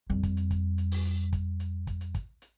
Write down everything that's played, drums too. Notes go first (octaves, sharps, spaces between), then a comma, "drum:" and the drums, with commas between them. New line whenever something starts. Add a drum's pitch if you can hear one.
F2 G3
drum: kick, hi-hat
drum: hi-hat
drum: kick, hi-hat
drum: hi-hat
drum: open hi-hat
drum: hi-hat
drum: kick, hi-hat
drum: hi-hat
drum: kick, hi-hat
drum: hi-hat
drum: kick, hi-hat
drum: hi-hat